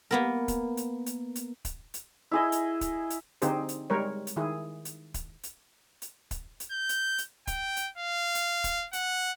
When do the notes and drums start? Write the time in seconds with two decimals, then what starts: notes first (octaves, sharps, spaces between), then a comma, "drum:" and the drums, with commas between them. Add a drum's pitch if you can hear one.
0.11 A#3 B3 A#4
0.48 drum: kick, hi-hat
0.77 drum: hi-hat
1.06 drum: hi-hat
1.35 drum: hi-hat
1.65 drum: kick, hi-hat
1.94 drum: hi-hat
2.31 E4 G#4 D#5
2.52 drum: hi-hat
2.81 drum: kick, hi-hat
3.10 drum: hi-hat
3.42 D3 C4 D#4 G4 G#4 C5, drum: hi-hat
3.69 drum: hi-hat
3.90 G3 G#3 A#4 C#5
4.27 drum: hi-hat
4.36 D#3 E4 G#4
4.85 drum: hi-hat
5.14 drum: kick, hi-hat
5.43 drum: hi-hat
6.02 drum: hi-hat
6.31 drum: kick, hi-hat
6.60 drum: hi-hat
6.71 G6
6.89 drum: hi-hat
7.18 drum: hi-hat
7.47 G5, drum: kick, hi-hat
7.77 drum: hi-hat
7.98 F5
8.35 drum: hi-hat
8.64 drum: kick, hi-hat
8.93 F#5, drum: hi-hat